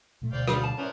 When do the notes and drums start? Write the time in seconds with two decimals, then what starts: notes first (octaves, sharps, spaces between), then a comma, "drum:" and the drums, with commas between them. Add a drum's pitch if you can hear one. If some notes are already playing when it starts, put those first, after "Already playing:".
0.22 A#2 A3
0.33 D2 B2 C5 D5 F5 G5
0.48 D3 G3 B3 D5 F5, drum: rim click
0.63 A5
0.78 B3 C#4 E4 A#4 C5 D5